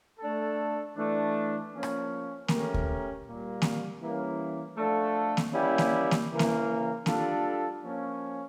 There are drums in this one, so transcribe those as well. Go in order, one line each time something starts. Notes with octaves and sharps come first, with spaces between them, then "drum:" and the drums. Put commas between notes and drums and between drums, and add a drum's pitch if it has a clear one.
A3 D4 A4
E3 A3 D4
F3 A#3 C#4
drum: rim click
A3 C#4 G4 A#4, drum: snare A#3
drum: kick D2
A#2 G3 A#3
drum: snare A#3
E3 G3 A#3 C#4
F3 A3 D4 A4
drum: snare A#3
G3 A#3 C#4 E4 G4
drum: snare A#3
drum: snare A#3
C#3 E3 A#3
drum: snare A#3
G3 D4 F4 A4, drum: snare A#3
F3 A#3 C#4